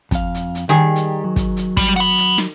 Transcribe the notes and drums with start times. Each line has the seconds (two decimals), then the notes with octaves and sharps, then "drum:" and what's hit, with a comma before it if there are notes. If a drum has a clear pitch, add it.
0.11 F2 F5, drum: kick, hi-hat
0.34 drum: hi-hat
0.55 drum: hi-hat
0.69 D#3 G3 G4 G#4 A#4
0.95 drum: hi-hat
1.24 F#3
1.36 drum: kick, hi-hat
1.57 drum: hi-hat
1.77 G3, drum: kick, hi-hat
1.96 F#5 B5, drum: hi-hat
2.18 drum: hi-hat
2.38 drum: snare